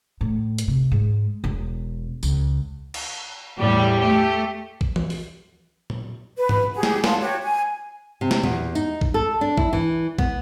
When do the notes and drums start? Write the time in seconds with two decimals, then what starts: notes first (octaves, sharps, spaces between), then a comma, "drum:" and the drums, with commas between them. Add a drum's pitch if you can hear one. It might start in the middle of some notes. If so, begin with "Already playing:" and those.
0.21 A2
0.58 drum: hi-hat
0.68 C3
0.92 G#2
1.44 E1
2.23 C#2, drum: tambourine
2.94 drum: cymbal
3.58 E2 A2 G3
4.00 A3 G4
4.81 drum: kick A#1
4.96 drum: tom E3
5.10 drum: open hi-hat
5.90 drum: tom A#2
6.37 B4
6.49 drum: tom G#2
6.74 G4 G#4 F#5
6.83 drum: snare
7.04 F5 F#5 A5 C6, drum: snare
7.21 F#4 G4 C#5
7.42 G#5
8.21 C3
8.31 drum: snare
8.43 E2, drum: tom A#2
8.75 D#4, drum: tambourine
9.01 drum: kick A#1
9.14 A4
9.41 D4
9.57 E4, drum: kick A#1
9.73 E3
10.19 B3, drum: kick A#1